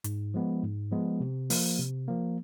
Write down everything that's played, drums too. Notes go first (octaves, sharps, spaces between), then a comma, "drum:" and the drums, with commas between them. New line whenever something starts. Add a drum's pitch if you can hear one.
G#2, drum: hi-hat
F3 G#3 B3
G#2
F3 G#3 B3
C3
F3 A#3, drum: open hi-hat
C3
F3 A#3